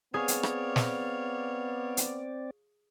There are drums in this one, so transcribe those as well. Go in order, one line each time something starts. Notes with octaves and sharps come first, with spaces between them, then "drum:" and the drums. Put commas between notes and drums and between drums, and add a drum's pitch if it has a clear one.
B3 C4 G#4 C#5 D5 F5
drum: hi-hat
drum: rim click
drum: snare
drum: hi-hat